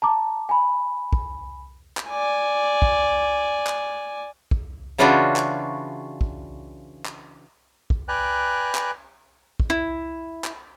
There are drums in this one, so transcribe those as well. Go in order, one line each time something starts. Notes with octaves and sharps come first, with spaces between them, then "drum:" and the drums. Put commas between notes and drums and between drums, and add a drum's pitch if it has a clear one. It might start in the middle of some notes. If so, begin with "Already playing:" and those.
A5 A#5 D6
G#5 B5
drum: kick
drum: clap
D5 G#5
drum: kick
drum: clap
drum: kick
C#3 E3 C#4 D4 F4 F#4
drum: clap
drum: kick
drum: clap
drum: kick
B4 D5 G5 G#5 A#5 F#6
drum: clap
drum: kick
E4
drum: clap